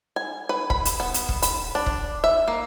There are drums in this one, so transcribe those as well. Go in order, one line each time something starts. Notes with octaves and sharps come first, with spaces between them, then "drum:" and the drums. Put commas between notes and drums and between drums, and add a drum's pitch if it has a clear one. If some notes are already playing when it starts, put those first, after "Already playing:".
G#5
B4
B5, drum: kick
drum: hi-hat
B3
drum: hi-hat
drum: kick
B5, drum: hi-hat
D4
drum: kick
E5
A#3